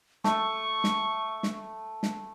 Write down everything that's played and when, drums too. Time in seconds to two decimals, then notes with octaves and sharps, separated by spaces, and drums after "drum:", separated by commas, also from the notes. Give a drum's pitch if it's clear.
0.24 A3 C#6, drum: snare
0.84 drum: snare
1.43 drum: snare
2.03 drum: snare